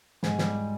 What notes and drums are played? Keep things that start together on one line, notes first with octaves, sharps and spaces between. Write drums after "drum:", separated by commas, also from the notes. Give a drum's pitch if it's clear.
G#2 G#5, drum: snare
G3, drum: snare